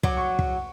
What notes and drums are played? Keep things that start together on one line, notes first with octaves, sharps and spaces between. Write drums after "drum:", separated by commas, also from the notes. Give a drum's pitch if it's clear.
F#3 D6, drum: kick
C#6
drum: kick